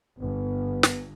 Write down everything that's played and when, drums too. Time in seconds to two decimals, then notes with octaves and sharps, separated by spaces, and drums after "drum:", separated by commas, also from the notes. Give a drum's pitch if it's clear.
0.20 G1 B3
0.83 drum: snare